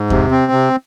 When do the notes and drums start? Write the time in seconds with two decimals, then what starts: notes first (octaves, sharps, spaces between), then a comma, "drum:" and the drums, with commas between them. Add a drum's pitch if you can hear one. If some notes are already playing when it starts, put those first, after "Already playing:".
Already playing: G#2
0.10 C3, drum: kick E2
0.31 C4
0.52 C3